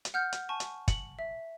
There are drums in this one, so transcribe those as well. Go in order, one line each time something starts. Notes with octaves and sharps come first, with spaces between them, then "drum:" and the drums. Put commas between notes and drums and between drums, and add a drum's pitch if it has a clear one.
drum: hi-hat
F#5 F6 G6
drum: hi-hat
G#5 A5 C#6
drum: hi-hat
C#7 F#7, drum: kick, hi-hat
E5